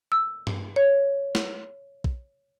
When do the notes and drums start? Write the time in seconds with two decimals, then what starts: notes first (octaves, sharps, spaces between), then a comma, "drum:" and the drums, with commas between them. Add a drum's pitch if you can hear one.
0.12 E6
0.47 drum: tom G2
0.76 C#5
1.35 drum: snare
2.04 drum: kick